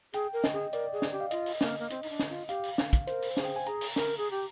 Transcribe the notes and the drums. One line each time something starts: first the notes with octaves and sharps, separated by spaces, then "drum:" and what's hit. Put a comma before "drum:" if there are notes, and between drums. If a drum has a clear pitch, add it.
G#4 G5, drum: hi-hat
A#4
D#5, drum: snare
G#4
A#4 D5, drum: hi-hat
G#4
drum: snare
G4
F5
F4 D#5, drum: hi-hat
drum: open hi-hat
A#3, drum: snare
A#3
C4, drum: hi-hat
D#4, drum: open hi-hat
D4
drum: snare
F4
G4 F5, drum: hi-hat
drum: open hi-hat
drum: snare
drum: kick, hi-hat
A#4 C5, drum: hi-hat
drum: open hi-hat
G#4, drum: snare
G5
G#5
G#4 A#5, drum: hi-hat
drum: open hi-hat
A#4, drum: snare
G#4
G4